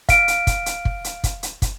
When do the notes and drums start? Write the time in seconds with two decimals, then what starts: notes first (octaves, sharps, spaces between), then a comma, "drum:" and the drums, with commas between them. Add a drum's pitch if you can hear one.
0.09 F5 D7, drum: kick, hi-hat
0.28 drum: hi-hat
0.47 drum: kick, hi-hat
0.66 drum: hi-hat
0.85 drum: kick
1.04 drum: hi-hat
1.24 drum: kick, hi-hat
1.43 drum: hi-hat
1.62 drum: kick, hi-hat